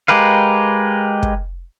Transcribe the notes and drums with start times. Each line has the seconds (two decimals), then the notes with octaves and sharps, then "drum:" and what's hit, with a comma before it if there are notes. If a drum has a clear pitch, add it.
0.08 G#3 G4 A#4 B4 F5
1.23 drum: kick